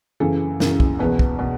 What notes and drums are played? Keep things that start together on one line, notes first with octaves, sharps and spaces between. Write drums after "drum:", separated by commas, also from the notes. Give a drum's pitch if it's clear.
F#2 C#3 E3 A4
F#2 C#3 E3 A#4, drum: snare
drum: kick
E2 B2 B4
drum: kick
B2